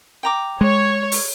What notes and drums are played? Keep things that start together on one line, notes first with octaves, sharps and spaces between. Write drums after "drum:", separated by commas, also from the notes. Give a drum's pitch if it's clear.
G5 A#5 D6
G#3 C#5
drum: open hi-hat